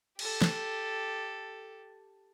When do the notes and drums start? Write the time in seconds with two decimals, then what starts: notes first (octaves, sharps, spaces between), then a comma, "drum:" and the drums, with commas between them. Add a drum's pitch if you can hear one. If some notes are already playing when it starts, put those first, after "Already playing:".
0.19 G4 A4, drum: cymbal
0.42 drum: snare